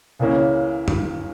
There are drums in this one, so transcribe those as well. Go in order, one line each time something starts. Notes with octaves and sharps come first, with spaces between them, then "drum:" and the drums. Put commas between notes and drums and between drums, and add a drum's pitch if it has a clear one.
C#2 C#3 E3 A#3 C#4
drum: tom F#2